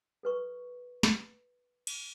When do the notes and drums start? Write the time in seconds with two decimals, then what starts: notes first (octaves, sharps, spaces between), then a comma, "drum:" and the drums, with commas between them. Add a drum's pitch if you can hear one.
0.23 A4 B4 C#6
1.03 drum: snare
1.87 drum: cymbal